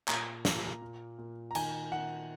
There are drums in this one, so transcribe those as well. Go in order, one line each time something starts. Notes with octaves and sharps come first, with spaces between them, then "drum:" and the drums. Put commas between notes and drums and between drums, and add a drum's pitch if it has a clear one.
A#2 A#5, drum: clap
A#3, drum: snare
A#2
A#2
A#5
D#3 G#5, drum: cymbal
D#3 F#5